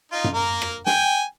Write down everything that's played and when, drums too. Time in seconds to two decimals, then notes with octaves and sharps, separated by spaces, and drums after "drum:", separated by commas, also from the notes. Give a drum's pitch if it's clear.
0.12 D#4 F4
0.24 drum: tom F#2
0.34 A#3 A#4
0.62 drum: rim click
0.86 G5 G#5, drum: snare